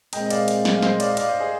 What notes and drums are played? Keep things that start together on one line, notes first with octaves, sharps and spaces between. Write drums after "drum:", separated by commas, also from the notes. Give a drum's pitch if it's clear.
A#2 G#3 C4 D#5 G5, drum: cymbal
D#5
D5 F5, drum: cymbal
drum: cymbal
drum: snare
F5
C5 D#5, drum: snare
D5 F5, drum: cymbal
D#5
D5 F5, drum: cymbal
C5 D#5
G#4 C5